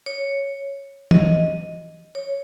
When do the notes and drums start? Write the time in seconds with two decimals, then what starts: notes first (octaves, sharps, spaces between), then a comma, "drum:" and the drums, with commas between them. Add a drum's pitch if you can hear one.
0.06 C#5
1.11 D#5, drum: tom
2.15 C#5